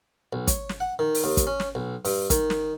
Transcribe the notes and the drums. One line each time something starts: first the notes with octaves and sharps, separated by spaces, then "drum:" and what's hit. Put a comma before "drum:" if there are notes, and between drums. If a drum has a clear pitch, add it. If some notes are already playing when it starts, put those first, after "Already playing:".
B1
C#5, drum: kick, hi-hat
drum: snare
F#5
D#3
drum: open hi-hat
D#2
drum: kick, hi-hat
C#4
drum: snare
B1
G2, drum: open hi-hat
D#3, drum: kick, hi-hat
drum: snare